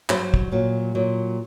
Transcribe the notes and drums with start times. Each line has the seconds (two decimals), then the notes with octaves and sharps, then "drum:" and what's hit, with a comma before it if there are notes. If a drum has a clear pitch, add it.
0.09 G2 F#3 C5, drum: clap
0.34 drum: kick
0.52 A#2 F#3
0.95 A#2 F#3